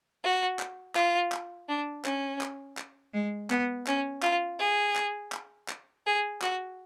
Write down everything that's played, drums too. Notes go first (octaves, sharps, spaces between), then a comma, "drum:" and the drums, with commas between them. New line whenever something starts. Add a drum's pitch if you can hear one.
F#4
drum: clap
F4, drum: clap
drum: clap
D4
C#4, drum: clap
drum: clap
drum: clap
G#3
B3, drum: clap
C#4, drum: clap
F4, drum: clap
G#4
drum: clap
drum: clap
drum: clap
G#4
F#4, drum: clap